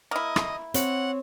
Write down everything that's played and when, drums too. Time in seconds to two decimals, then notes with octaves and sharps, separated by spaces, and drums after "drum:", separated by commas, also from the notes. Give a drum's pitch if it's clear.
0.11 A#3 E4 D#5
0.36 drum: rim click
0.74 C4 C#5 F#5, drum: hi-hat